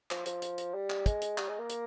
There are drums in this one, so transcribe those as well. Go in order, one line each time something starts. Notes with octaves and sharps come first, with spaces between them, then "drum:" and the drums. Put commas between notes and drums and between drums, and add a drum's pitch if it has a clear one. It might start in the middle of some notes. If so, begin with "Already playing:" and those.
F3, drum: clap
F3, drum: hi-hat
drum: hi-hat
drum: hi-hat
G3
drum: clap
G#3, drum: kick, hi-hat
drum: hi-hat
G3, drum: clap
G#3
A#3
drum: hi-hat